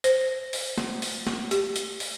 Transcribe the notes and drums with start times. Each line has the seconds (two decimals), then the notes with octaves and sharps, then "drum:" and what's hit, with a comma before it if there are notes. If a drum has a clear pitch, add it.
0.04 C5, drum: hi-hat
0.53 drum: open hi-hat
0.78 drum: snare
1.02 drum: open hi-hat
1.27 drum: snare
1.51 G4, drum: hi-hat
1.76 drum: hi-hat
2.00 drum: open hi-hat